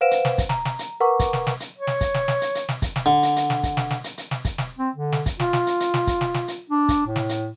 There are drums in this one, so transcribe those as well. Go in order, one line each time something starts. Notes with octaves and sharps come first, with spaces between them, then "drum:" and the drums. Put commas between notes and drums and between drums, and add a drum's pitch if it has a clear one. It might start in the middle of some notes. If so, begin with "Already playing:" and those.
B4 C5 F5 F#5 D7 E7
drum: hi-hat
drum: snare
drum: kick, hi-hat
A#5, drum: snare
drum: snare
drum: hi-hat
A#4 B4 F#5 A#5 C#6 D6
drum: kick, hi-hat
drum: snare
drum: snare
drum: hi-hat
C#5
drum: snare
drum: kick, hi-hat
drum: snare
drum: snare
drum: hi-hat
drum: hi-hat
drum: snare
drum: kick, hi-hat
drum: snare
D3
drum: hi-hat
drum: hi-hat
drum: snare
drum: kick, hi-hat
drum: snare
drum: snare
drum: hi-hat
drum: hi-hat
drum: snare
drum: kick, hi-hat
drum: snare
C4
D3
drum: snare
drum: kick, hi-hat
F4, drum: snare
drum: snare
drum: hi-hat
drum: hi-hat
drum: snare
drum: kick, hi-hat
drum: snare
drum: snare
drum: hi-hat
D4
drum: kick, hi-hat
A2
drum: snare
drum: hi-hat